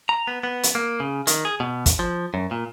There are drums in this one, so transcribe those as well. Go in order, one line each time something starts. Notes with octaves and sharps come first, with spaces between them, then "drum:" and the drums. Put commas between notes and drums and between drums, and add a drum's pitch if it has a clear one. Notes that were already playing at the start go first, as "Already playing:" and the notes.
A#5
B3
B3
drum: hi-hat
A#3
C#3
D#3, drum: hi-hat
G#4
B2
drum: kick, hi-hat
F3
F#2
A#2